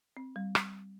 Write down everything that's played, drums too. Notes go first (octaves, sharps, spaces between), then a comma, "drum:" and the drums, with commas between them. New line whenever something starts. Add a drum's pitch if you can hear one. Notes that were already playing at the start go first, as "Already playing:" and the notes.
C4
G3
drum: rim click